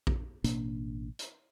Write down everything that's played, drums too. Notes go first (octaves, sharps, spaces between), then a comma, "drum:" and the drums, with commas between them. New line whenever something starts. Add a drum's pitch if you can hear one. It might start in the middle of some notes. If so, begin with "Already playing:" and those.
drum: kick A#1
A1 B2 A#3 D4, drum: hi-hat
drum: hi-hat